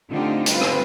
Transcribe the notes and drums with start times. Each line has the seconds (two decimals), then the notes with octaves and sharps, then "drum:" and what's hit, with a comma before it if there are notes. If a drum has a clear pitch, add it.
0.11 D3 A3 C4 D#4 F4 G4
0.46 G3 C4 F4 B4, drum: hi-hat
0.61 drum: rim click